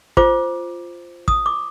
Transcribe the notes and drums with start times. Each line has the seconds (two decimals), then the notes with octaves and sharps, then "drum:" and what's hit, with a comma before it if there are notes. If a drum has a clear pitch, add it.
0.17 F4 C5 D6, drum: kick
1.28 D#6, drum: kick
1.46 D6